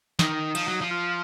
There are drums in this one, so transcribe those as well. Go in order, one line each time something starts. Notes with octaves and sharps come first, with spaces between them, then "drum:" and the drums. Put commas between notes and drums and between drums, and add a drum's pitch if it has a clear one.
D#3 D#4, drum: snare
F3, drum: cymbal
F#3
F3
F4